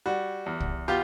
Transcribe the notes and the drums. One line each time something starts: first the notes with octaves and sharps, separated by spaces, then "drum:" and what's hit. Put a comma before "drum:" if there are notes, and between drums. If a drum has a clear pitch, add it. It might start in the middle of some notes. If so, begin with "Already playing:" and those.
G3 F#4
E2
drum: kick
B2 F4 G4